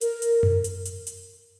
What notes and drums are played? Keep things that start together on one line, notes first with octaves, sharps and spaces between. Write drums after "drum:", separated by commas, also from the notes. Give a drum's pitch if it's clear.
A#4, drum: hi-hat
drum: hi-hat
drum: tom F#2
drum: hi-hat
drum: hi-hat
drum: hi-hat